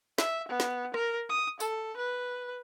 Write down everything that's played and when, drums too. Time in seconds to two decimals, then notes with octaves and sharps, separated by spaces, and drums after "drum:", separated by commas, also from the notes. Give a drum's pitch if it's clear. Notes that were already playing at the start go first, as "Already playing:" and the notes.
0.18 E5, drum: snare
0.48 B3
0.60 drum: snare
0.94 A#4, drum: rim click
1.29 D#6
1.60 A4, drum: tambourine
1.97 B4